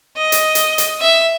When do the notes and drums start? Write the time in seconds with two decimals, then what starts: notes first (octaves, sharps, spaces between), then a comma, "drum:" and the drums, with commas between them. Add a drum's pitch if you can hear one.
0.18 D#5
0.32 drum: hi-hat
0.55 drum: hi-hat
0.78 drum: hi-hat
1.01 E5